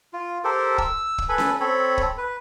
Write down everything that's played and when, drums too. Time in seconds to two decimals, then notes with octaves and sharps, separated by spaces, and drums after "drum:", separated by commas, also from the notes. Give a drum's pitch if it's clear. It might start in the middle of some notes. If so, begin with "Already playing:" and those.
0.13 F4
0.44 G4 A4 A#4 C5
0.78 E6, drum: kick
1.18 drum: kick
1.29 A4 B4 G#5 B5
1.38 drum: snare C#4
1.60 C4 A4 C#5 B5
1.98 drum: kick
2.17 B4